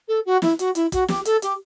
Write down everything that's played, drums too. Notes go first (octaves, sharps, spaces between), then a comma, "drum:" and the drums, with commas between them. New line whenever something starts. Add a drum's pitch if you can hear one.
A4
F#4
E4, drum: snare
F#4, drum: hi-hat
E4, drum: hi-hat
F#4, drum: kick, hi-hat
G4, drum: snare
A4, drum: hi-hat
G4, drum: hi-hat